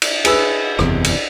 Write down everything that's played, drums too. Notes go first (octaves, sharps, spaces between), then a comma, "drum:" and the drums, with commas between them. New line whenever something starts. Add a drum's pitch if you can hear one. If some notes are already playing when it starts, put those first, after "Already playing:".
drum: cymbal
G#4 B4 E6, drum: cymbal
F#1 E2 C3, drum: rim click
drum: cymbal